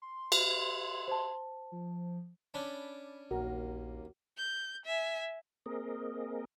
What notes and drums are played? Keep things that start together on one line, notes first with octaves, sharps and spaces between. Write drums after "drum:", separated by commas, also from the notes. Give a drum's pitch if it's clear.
C6
drum: cymbal
C5 A5
F3
C#4 D4 A5 B5 D6
A#1 D#2 A#3 F#4 A#4 A#5
G6
E5 G#5
A#3 C4 G#4 A#4 D#5